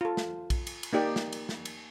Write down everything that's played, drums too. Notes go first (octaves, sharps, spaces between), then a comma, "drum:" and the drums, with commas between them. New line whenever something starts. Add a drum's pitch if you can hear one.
F4 A4
drum: snare
drum: kick A#1, cymbal
drum: cymbal
drum: cymbal
A#3 D#4 G4 D5
drum: snare
drum: cymbal
drum: snare
drum: cymbal